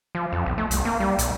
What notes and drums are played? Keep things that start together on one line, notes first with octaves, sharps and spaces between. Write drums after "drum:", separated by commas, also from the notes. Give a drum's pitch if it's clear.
F3
F2
B1
A3
C2, drum: hi-hat
A#3
G3
B1, drum: hi-hat